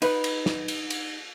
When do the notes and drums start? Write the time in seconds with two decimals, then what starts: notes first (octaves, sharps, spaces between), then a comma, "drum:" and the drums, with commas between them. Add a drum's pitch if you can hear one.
0.02 D#4 B4, drum: cymbal
0.24 drum: cymbal
0.46 drum: snare
0.68 drum: cymbal
0.90 drum: cymbal